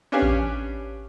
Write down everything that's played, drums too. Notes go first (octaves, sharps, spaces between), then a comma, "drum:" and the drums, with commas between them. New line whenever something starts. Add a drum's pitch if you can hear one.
C#4 D4 G4 B4 F5 G#5
drum: kick A1